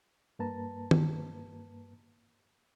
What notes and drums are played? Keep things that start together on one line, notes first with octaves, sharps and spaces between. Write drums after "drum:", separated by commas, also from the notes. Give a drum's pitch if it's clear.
G2 A#3 B4 A5 A#5
drum: tom D#3